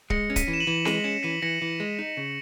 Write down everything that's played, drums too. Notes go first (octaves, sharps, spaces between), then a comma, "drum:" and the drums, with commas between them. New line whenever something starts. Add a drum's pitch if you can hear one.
G#3 A#6 C#7, drum: kick C#1
C#4
B6 D#7, drum: kick C#1, hi-hat
E3
E7
D#7 F#7
E3
G#3 D#7 F#7, drum: snare C4
C#4 C#7 E7
E3 B6 D#7
E3 A#6 C#7
E3
G#3
D#4
C#3